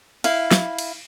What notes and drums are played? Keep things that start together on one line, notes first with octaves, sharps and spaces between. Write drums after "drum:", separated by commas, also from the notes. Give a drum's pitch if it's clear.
E4 F5, drum: cymbal
drum: snare
drum: cymbal